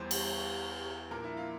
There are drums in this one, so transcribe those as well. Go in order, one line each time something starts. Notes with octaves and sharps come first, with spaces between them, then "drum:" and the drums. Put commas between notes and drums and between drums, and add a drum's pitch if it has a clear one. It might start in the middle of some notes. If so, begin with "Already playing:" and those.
Already playing: E2 E3 G3 C5
drum: cymbal
A#2 F3 A#3 D4 A#4
E4
F4